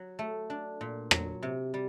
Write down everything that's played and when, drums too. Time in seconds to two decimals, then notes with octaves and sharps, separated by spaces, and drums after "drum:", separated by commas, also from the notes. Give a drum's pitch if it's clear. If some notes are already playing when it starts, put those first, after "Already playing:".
Already playing: F#3
0.19 A3
0.50 D4
0.81 A#2
1.11 F#3, drum: rim click
1.43 C3
1.74 G3